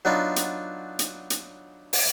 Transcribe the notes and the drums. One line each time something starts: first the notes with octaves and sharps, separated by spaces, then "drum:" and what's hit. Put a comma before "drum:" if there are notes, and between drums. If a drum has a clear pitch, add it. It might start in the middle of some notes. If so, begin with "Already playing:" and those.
F#3 B3 D4 D#4 F4
drum: hi-hat
drum: hi-hat
drum: hi-hat
drum: open hi-hat